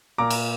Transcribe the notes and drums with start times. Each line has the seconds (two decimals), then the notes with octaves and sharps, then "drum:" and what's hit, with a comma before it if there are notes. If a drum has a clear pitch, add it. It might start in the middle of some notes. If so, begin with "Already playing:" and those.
0.18 A#2 A#5 D6
0.30 drum: cymbal